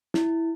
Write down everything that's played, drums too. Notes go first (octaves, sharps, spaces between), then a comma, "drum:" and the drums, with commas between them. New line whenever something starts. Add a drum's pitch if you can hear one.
E4, drum: snare